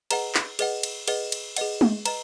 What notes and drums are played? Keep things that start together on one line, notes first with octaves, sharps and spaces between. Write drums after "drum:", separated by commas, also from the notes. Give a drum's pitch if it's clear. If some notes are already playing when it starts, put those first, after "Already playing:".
G#4 B4 D#5 F#5 A#5, drum: cymbal
drum: clap
G#4 B4 D#5 F#5, drum: cymbal
drum: cymbal
G#4 B4 D#5 F#5, drum: cymbal
drum: cymbal
G#4 B4 D#5 F#5, drum: cymbal
drum: tom G#3
B4 D#5 A#5, drum: cymbal